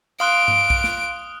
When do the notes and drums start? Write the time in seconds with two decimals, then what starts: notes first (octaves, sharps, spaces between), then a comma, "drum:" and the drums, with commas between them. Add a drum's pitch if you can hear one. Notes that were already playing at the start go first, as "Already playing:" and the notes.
0.20 F5 C6 D#6 F6 F#6 D7
0.48 drum: tom G2
0.70 drum: kick
0.84 drum: snare